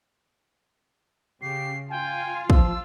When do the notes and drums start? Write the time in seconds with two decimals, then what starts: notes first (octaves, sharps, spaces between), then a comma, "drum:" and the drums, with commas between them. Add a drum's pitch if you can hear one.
1.42 C#3 G4 C7
1.90 F4 G5 G#5
2.50 F3 E6, drum: kick